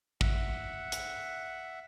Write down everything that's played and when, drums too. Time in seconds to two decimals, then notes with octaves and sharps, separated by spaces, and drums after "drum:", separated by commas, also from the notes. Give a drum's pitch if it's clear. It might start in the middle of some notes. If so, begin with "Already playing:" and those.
0.21 E5 F#5, drum: kick
0.92 drum: hi-hat